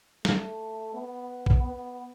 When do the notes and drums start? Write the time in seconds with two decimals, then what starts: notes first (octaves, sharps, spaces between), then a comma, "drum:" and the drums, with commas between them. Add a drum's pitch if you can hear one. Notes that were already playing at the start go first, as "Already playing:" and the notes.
0.25 A3, drum: snare
0.94 B3
1.46 drum: kick A1
1.63 B3